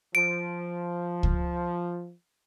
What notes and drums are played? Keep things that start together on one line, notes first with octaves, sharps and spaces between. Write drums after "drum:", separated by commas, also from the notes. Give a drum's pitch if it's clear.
F3 D7
drum: kick C#2